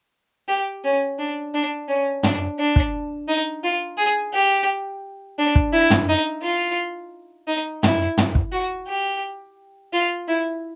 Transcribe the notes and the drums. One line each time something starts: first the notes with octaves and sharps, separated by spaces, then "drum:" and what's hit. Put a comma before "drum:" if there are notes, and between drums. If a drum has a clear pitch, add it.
G4
C#4
D4
D4
C#4
D4, drum: tom
D4
drum: kick
D#4
F4
G#4
G4
D4
drum: kick
E4
drum: tom
D#4
F4
D#4
E4, drum: tom
drum: tom
drum: kick
F#4
G4
F4
E4